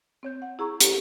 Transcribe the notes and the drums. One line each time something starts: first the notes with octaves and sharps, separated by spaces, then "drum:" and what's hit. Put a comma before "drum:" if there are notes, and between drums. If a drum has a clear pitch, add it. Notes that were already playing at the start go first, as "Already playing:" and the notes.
C4 C#5 G6
F#5
E4 G#4 A#5 C#6
G4 A4, drum: hi-hat